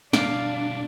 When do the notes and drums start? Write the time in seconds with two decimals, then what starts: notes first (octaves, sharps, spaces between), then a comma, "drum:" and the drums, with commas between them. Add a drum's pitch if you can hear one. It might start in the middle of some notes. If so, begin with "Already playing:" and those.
0.13 B2 G3 D4 D5 F5, drum: snare